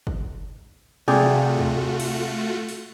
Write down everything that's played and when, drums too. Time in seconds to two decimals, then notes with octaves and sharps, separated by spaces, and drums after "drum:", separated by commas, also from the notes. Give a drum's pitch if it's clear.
0.07 drum: kick
1.08 C3 A3 F4 F#4 G#4 D5 G5, drum: tom
1.58 drum: tom
2.00 drum: cymbal
2.69 drum: open hi-hat